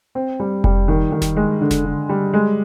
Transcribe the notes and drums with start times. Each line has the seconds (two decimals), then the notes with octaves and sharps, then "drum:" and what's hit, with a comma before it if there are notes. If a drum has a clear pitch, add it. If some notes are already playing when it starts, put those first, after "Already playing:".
0.15 C4
0.40 G3
0.64 G3, drum: kick F1
0.88 D#3
1.12 D#3
1.22 drum: snare F1
1.36 G#3
1.61 D3
1.71 drum: snare F1
1.85 D3
2.09 G3
2.33 G#3